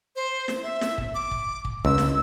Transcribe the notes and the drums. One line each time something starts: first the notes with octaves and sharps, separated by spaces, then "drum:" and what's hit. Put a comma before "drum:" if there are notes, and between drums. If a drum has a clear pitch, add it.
C5
drum: snare
E5
drum: snare
drum: kick
D6
drum: kick
drum: kick
C#2 E6
drum: snare